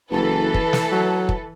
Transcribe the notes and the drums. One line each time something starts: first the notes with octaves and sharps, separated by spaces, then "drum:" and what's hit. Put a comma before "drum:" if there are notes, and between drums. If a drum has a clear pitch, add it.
F#1 E3 A4 B4
drum: kick
drum: snare
F#3
drum: kick